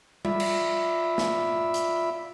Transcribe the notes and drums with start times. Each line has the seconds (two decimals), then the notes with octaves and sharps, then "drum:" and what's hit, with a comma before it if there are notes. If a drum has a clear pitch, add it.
0.25 F4 D5 E5 B5, drum: tom G3
0.40 drum: cymbal
1.18 drum: snare
1.74 drum: hi-hat